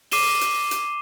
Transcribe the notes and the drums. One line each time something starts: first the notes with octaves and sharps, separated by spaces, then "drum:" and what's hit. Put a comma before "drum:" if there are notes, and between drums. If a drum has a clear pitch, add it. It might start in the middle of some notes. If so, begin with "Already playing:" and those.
D6 C7 D#7 E7 G7, drum: open hi-hat
drum: hi-hat
drum: hi-hat